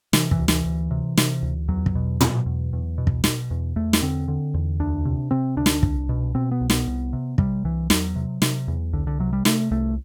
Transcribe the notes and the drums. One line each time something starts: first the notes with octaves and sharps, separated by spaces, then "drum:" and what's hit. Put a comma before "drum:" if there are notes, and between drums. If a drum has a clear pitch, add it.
C3 E3, drum: snare
E3, drum: kick
D2
E3, drum: snare
D2
C3
C3, drum: snare
D2
E2 F#3
drum: kick
B2
B2, drum: tom
E2
E2
B2
drum: kick
B2, drum: snare
E2
E2 A3
drum: snare
D3 C4
D3
E2
D2 D4
C3
C3 C4
D2 D4
drum: snare
C2, drum: kick
B2
B2 C4
B3
C2
B3, drum: snare
C2
C3
C3 G3, drum: kick
C2 E3
E2 F#3, drum: snare
C3
C3, drum: snare
E2
C2 D3
D3
C3 F#3
G3
C3 A3, drum: snare
C2 A3